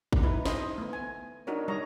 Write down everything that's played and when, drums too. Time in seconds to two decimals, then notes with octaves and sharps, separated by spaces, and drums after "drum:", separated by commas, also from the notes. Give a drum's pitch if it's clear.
0.13 drum: kick G#1
0.23 D#4 E4 B4
0.45 C5 D#5, drum: snare
0.78 A3 B3
0.93 G#5
1.47 D4 D#4 F#4 A#4 C#5
1.68 G3 C#5 D#5 A#5